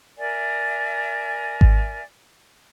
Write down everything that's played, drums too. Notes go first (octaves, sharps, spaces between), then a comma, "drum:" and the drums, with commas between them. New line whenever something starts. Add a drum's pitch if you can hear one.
A#4 D5 E5 G#5
drum: kick G#1